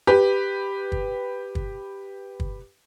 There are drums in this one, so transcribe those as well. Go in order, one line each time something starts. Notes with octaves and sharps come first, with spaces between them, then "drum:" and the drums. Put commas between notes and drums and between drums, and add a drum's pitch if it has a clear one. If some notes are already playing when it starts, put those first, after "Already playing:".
G4 B4
drum: kick
drum: kick
drum: kick